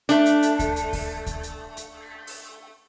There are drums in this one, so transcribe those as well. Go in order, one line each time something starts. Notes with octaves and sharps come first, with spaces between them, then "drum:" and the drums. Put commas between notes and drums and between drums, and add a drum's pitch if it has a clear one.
A3 D4, drum: hi-hat
drum: hi-hat
drum: hi-hat
drum: kick D2, hi-hat
drum: hi-hat
drum: kick D2, open hi-hat
drum: kick D2, hi-hat
drum: hi-hat
drum: hi-hat
drum: open hi-hat